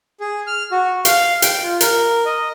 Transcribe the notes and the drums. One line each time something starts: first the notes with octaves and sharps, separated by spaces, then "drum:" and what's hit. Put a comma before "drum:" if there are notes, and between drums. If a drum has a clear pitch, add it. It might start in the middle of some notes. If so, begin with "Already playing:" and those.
G#4
F6
F#4
F5, drum: hi-hat
G5, drum: hi-hat
F4
A#4, drum: hi-hat
D#5